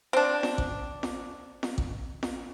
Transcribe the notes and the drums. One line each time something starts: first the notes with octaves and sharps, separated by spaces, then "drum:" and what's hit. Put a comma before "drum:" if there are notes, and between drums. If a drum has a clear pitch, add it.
C4 D4
drum: snare F4
drum: kick A1
drum: snare F4
drum: snare F4
drum: kick A1
drum: snare F4